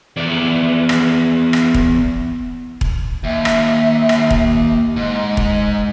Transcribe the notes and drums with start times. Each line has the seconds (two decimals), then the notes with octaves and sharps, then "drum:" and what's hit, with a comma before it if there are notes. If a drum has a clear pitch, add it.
0.17 E2 D5
0.89 drum: rim click
1.53 drum: rim click
1.74 drum: kick E1
2.81 drum: kick E1
3.24 D#2 E5
3.45 drum: rim click
4.09 drum: rim click
4.30 drum: kick E1
4.96 G#2 D#5
5.37 drum: kick E1